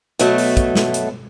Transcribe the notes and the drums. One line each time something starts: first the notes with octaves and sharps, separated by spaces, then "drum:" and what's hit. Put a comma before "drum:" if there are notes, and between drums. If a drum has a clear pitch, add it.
B2 F#3 A3, drum: hi-hat
drum: open hi-hat
drum: kick, hi-hat
drum: snare
drum: hi-hat